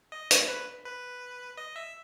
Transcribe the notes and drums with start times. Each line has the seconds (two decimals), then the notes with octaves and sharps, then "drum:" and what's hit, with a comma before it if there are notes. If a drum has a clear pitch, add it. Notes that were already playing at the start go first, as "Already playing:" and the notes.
0.12 D#5
0.31 C#5, drum: hi-hat
0.48 B4
0.85 B4
1.57 D#5
1.76 E5